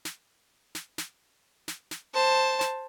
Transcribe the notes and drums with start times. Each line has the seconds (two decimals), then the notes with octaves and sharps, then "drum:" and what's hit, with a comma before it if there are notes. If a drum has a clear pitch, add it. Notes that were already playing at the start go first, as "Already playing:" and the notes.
0.05 drum: snare
0.75 drum: snare
0.98 drum: snare
1.68 drum: snare
1.91 drum: snare
2.14 C5 A5
2.61 drum: snare